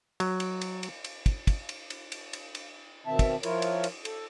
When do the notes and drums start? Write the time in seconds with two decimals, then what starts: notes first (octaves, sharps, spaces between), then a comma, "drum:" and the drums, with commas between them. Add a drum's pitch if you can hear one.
0.20 F#3, drum: cymbal
0.40 drum: cymbal
0.61 drum: cymbal
0.83 drum: cymbal
1.04 drum: cymbal
1.26 drum: kick, cymbal
1.47 drum: kick, cymbal
1.69 drum: cymbal
1.90 drum: cymbal
2.12 drum: cymbal
2.33 drum: cymbal
2.55 drum: cymbal
3.06 B2 D#3 C4 E5 A5
3.19 drum: kick, cymbal
3.43 F3 E4 F4 A#4 C#5, drum: cymbal
3.62 drum: cymbal
3.84 drum: cymbal
4.05 A4, drum: cymbal